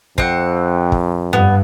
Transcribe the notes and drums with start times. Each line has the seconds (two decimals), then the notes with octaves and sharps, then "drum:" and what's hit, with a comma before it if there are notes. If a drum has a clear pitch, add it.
0.18 F2 C4 F#5, drum: kick
0.92 drum: kick
1.33 G2 B3